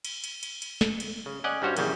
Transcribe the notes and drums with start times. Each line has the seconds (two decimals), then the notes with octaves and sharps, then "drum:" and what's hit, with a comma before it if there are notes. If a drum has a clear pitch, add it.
0.05 drum: cymbal
0.24 drum: cymbal
0.43 drum: cymbal
0.62 drum: cymbal
0.81 drum: snare
1.00 drum: cymbal
1.26 C#3
1.44 C#4 D5 D#5 F#5 G#5
1.62 G2 G3 C#4 F#4 C5 C#5
1.77 A#1 E2 C#3 G3, drum: cymbal